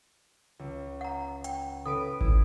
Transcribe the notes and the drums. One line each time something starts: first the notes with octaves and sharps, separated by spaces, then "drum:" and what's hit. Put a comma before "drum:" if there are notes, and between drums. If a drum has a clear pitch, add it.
C#2
F#5 A#5
G5, drum: hi-hat
C#3 A4 B4 D7
E4, drum: kick G#1